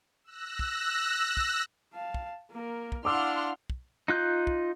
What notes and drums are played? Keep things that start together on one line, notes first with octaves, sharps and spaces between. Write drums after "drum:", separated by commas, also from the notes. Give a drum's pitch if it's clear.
E6 F#6 A#6
drum: kick
drum: kick
F5 A5
drum: kick
A#3 A#4
drum: kick
D4 E4 F5 F#5 C6 D6 E6 F6
drum: kick
D#4 F4 F#6 G6
drum: kick